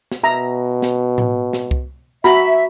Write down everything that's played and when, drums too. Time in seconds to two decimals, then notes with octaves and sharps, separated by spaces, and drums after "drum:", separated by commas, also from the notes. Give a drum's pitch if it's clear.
0.12 drum: snare
0.23 B2 E5 A#5
0.82 drum: snare
1.18 drum: tom A2
1.53 drum: snare
1.71 drum: kick C2
2.24 F#4 E5 A#5 B5, drum: snare